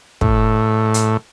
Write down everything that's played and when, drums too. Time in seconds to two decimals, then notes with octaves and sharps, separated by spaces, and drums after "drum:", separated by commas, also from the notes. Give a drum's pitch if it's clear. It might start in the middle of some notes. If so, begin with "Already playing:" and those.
0.21 A2, drum: kick
0.94 drum: hi-hat